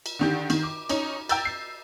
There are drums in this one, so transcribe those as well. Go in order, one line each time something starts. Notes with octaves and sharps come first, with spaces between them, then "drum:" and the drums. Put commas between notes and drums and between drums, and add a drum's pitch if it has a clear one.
drum: cymbal
D3 D#3 G4
D#3, drum: cymbal
D6
C#4 D#4, drum: cymbal
G5 A#5 E6 G6 A6, drum: cymbal
C7